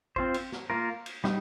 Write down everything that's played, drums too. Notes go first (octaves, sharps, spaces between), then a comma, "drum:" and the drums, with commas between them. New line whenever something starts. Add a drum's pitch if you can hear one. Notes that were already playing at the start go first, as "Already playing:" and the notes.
C4 F4 C5, drum: kick
drum: cymbal
drum: snare
A#3 F4 A#4
drum: cymbal
G3 D#4, drum: snare